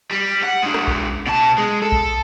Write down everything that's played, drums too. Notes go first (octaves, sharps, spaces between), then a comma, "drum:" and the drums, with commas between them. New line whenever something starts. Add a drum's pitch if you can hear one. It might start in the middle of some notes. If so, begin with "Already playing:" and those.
G3
F#5
G#3 D4
drum: rim click
drum: kick B1
B2 A5
G#3
A4
drum: kick B1